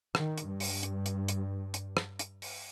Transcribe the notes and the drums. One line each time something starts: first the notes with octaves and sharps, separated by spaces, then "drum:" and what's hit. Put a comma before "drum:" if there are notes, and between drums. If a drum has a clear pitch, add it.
D#3, drum: rim click
drum: hi-hat
G2
drum: open hi-hat
drum: hi-hat
drum: hi-hat
drum: hi-hat
drum: hi-hat
drum: rim click
drum: hi-hat
drum: open hi-hat